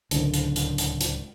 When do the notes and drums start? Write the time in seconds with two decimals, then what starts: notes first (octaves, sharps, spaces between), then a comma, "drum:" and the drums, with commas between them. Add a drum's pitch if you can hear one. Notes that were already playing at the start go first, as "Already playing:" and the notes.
0.11 D1 C#2 D3, drum: hi-hat
0.34 drum: hi-hat
0.56 drum: hi-hat
0.78 drum: hi-hat
1.01 drum: hi-hat